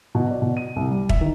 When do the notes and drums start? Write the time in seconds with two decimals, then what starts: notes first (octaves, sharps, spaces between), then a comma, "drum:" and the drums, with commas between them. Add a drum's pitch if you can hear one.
0.15 B2
0.30 D5
0.42 B2
0.57 D#7
0.76 C2
0.91 G3
1.09 E5, drum: kick
1.21 D#3